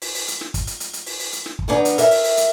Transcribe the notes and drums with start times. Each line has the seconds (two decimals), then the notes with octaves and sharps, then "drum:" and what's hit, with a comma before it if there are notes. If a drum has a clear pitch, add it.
0.02 drum: open hi-hat
0.15 drum: open hi-hat
0.28 drum: hi-hat
0.41 drum: snare
0.54 drum: kick, hi-hat
0.67 drum: hi-hat
0.80 drum: hi-hat
0.93 drum: hi-hat
1.06 drum: open hi-hat
1.20 drum: open hi-hat
1.33 drum: hi-hat
1.46 drum: snare
1.59 drum: kick
1.68 D#3 B3 D4 A#5
1.85 drum: hi-hat
1.98 A#4 E5, drum: hi-hat
2.11 drum: open hi-hat
2.24 drum: open hi-hat
2.37 drum: hi-hat